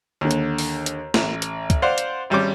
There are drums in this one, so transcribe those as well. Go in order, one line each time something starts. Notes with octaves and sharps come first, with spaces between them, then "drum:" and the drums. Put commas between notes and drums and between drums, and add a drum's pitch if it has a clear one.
D#2 D3
drum: hi-hat
drum: open hi-hat
drum: hi-hat
A1, drum: snare
drum: hi-hat
drum: kick, hi-hat
C5 D5 F5 F#5
drum: hi-hat
G#1 G3 C#4 D6